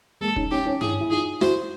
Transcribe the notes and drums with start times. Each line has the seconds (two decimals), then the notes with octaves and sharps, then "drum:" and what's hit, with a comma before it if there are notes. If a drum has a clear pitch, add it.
0.21 G#3 A#3 A4
0.36 C#4 D#4, drum: kick F1
0.51 C#4 D#4 G4
0.65 C#4 D#4
0.81 D4 E4 G#4, drum: tom G2
1.01 E4
1.10 D#4 F4 G#4
1.41 E4 F#4 C5, drum: snare